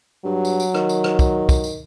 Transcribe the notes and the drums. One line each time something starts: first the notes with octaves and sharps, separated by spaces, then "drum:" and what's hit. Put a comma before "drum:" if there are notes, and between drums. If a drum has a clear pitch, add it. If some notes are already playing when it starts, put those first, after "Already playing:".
G2 F#3
drum: tambourine
drum: tambourine
D#3, drum: rim click
drum: tambourine
drum: rim click
drum: kick, tambourine
drum: kick, tambourine
drum: tambourine